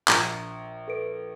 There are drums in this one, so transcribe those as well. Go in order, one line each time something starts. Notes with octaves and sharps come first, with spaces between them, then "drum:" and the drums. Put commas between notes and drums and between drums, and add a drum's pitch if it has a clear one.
A#1 A#5, drum: clap
A4 B4 D7